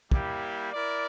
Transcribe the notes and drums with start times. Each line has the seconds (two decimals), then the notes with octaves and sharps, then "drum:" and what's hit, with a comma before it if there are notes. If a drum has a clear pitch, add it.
0.11 G3 A#3 E4 G4, drum: kick
0.73 E4 A#4 D5